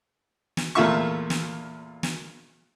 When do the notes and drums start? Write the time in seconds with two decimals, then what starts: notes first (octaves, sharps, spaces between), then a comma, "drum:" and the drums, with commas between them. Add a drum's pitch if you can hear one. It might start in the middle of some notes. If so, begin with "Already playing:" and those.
0.57 drum: snare
0.75 E2 A#2 A3 F4 E5 C#6
1.30 drum: snare
2.03 drum: snare